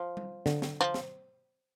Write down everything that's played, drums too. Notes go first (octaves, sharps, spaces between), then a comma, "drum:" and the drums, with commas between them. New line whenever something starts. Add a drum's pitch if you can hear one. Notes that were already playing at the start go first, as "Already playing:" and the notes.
Already playing: F3
drum: tom G3
D3, drum: snare
drum: snare
F3
drum: snare